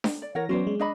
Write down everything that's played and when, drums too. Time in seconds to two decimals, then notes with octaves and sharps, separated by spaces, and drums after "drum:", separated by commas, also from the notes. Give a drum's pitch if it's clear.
0.04 drum: snare D4
0.22 D5
0.35 E3 A#4 C#5 F#5 A#6
0.49 F#3 B3 C#4 C5 D5
0.67 G#3
0.79 D4 D#5 B5